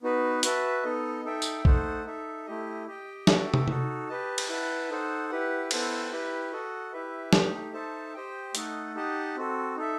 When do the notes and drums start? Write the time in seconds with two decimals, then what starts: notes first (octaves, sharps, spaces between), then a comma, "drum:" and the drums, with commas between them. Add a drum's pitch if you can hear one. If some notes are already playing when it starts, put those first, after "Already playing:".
0.03 B3 D#4 F#4 B4
0.43 F#4 B4 E5 A5, drum: hi-hat
0.83 B3 D#4 A4 D#5
1.24 D#4 A4 E5 G5
1.42 drum: tambourine
1.65 A3 D#4 A4 C5 F#5, drum: kick A#1
2.05 D#4 A4 E5
2.46 A3 E4 G4 D#5
2.87 G4 D#5 G5
3.27 F#4 A4 E5 G5, drum: snare
3.54 drum: tom
3.68 D#4 F#4 A4, drum: tom C3
4.09 G4 B4 D#5 A5
4.38 drum: cymbal
4.49 E4 B4 F#5 A5
4.90 D#4 A4 C5 F#5
5.29 E4 G4 B4 F#5
5.71 B3 E4 A4 C5 F#5, drum: cymbal
6.11 E4 G4 B4
6.52 F#4 A4 D#5 F#5
6.93 E4 G4 B4 E5
7.33 A3 D#4 G4, drum: snare
7.73 D#4 A4 C5 E5 A5
8.14 G4 C5 D#5 G5
8.55 A3 D#4 A4 D#5 F#5, drum: hi-hat
8.95 D#4 G4 D#5 F#5 A5
9.36 C4 F#4 A4
9.77 D#4 A4 E5